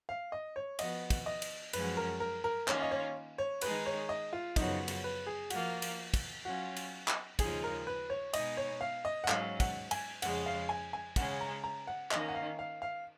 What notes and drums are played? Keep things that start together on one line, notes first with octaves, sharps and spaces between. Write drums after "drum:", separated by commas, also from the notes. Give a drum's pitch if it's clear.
F5
D#5
C#5
F3 B3 F#4 D#5, drum: cymbal
drum: kick, cymbal
D#5
drum: cymbal
F#2 F3 G#3 C#4 F#4 B4, drum: cymbal
A#4
A#4
A#4
D#3 A#3 C#4 F4 C#5, drum: clap
D#5
C#5
C#5
D#3 G#3 D#4 G#4 B4, drum: cymbal
C#5
D#5
F4
F#2 C#3 F3 B3 D#4 F#4, drum: kick, cymbal
drum: cymbal
B4
G#4
F3 A#3 F4 F#4 A#4, drum: cymbal
drum: cymbal
drum: kick, cymbal
F#3 C#4 F4 F#4
drum: cymbal
drum: clap
D#2 C#3 F3 G#3 D#4 G#4, drum: kick, cymbal
A#4
B4
C#5
B2 G#3 D#4 D#5, drum: cymbal
C#5
F5
D#5
F#5
G#2 F#3 C#4 F5, drum: clap
F#5, drum: kick, cymbal
G#5, drum: cymbal
F2 C#3 G#3 F#5, drum: cymbal
F5
G#5
G#5
C#3 G#3 C#4 F#5, drum: kick, cymbal
A#5
A#5
F#5
D#3 A#3 C#4 D#5, drum: clap
F#5
F5
F5
F5